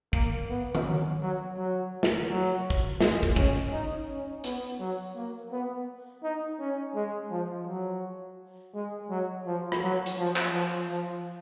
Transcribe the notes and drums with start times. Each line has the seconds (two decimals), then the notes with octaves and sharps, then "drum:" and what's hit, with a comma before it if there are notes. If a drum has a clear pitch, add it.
0.13 A#3, drum: kick
0.50 B3
0.75 drum: tom D#3
0.85 F#3
1.21 F#3
1.57 F#3
2.03 drum: snare
2.29 F#3
2.70 drum: kick
3.01 G#3, drum: snare
3.23 drum: kick
3.36 C#4, drum: kick
3.72 D#4
4.08 C#4
4.44 B3, drum: hi-hat
4.80 F#3
5.16 A#3
5.52 B3
6.23 D#4
6.59 C#4
6.95 G#3
7.30 F3
7.67 F#3
8.74 G#3
9.10 F#3
9.46 F3
9.72 drum: rim click
9.82 F#3
10.06 drum: hi-hat
10.18 F3
10.36 drum: clap
10.54 F3
10.89 F3